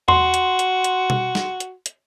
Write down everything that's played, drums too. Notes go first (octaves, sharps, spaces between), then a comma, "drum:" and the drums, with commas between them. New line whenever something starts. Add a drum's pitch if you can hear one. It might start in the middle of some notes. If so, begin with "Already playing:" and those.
F#4 C6, drum: tom E2
drum: hi-hat
drum: hi-hat
drum: hi-hat
drum: tom B2
drum: snare
drum: hi-hat
drum: hi-hat